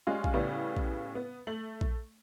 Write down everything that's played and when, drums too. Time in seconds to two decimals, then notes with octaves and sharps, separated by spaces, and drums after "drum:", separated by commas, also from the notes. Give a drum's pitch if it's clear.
0.07 G3 G#3 C#4 F4
0.24 drum: kick A#1
0.34 A2 C#3 G3 B3 C#4
0.77 drum: kick A#1
1.15 B3
1.47 A3 F#7
1.81 drum: kick A#1